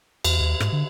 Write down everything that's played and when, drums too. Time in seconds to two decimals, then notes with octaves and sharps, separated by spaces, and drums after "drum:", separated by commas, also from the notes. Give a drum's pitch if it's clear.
0.25 E2, drum: cymbal
0.41 D#2
0.60 G#2, drum: rim click
0.72 D3